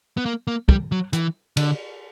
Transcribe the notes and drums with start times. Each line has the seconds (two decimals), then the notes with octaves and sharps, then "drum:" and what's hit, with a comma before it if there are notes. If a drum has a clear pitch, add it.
0.17 B3
0.26 A#3
0.47 A#3
0.69 G3, drum: kick
0.92 F#3
1.13 E3, drum: hi-hat
1.57 D3, drum: cymbal